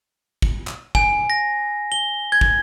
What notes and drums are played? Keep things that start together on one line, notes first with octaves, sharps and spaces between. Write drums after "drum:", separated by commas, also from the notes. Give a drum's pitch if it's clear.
drum: kick
drum: clap
G#5, drum: kick
A#6
G7
G#6
drum: kick